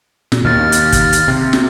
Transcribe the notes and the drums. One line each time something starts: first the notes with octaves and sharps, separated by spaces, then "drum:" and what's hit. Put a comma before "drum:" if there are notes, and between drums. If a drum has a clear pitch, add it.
A#2, drum: snare
D#2 F6 A6
drum: hi-hat
drum: kick, hi-hat
drum: hi-hat
C3
drum: snare